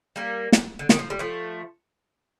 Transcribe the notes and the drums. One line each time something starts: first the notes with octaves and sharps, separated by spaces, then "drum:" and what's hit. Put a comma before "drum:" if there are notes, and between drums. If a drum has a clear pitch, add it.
G3 A#3
drum: snare
D3
D#3, drum: snare
F3
G3
F3 A3